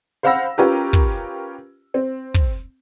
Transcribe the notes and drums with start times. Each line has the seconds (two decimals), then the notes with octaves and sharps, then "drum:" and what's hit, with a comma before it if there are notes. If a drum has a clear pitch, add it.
0.23 C5 F5 F#5 B5 E6 A#6
0.58 C#4 F4 G4 A#4 B4
0.93 drum: kick
1.94 C4
2.34 drum: kick